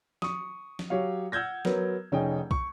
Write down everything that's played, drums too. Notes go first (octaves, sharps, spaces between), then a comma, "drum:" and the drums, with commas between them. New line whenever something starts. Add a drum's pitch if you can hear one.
C#6 D#6, drum: snare
drum: snare
F#3 G4 C#5 F5
F#5 E6 F6 G6 G#6 A#6
F#3 B3 A#4, drum: snare
F1 C#4 D#4 G#4 G5
C#6, drum: kick